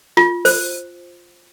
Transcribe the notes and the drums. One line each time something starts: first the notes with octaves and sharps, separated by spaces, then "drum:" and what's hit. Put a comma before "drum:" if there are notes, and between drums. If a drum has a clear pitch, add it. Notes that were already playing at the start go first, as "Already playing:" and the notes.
F4, drum: rim click
C5, drum: open hi-hat